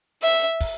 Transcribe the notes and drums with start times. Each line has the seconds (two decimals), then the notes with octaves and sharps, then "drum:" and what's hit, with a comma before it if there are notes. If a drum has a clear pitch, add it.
0.22 E5, drum: hi-hat
0.61 drum: kick, open hi-hat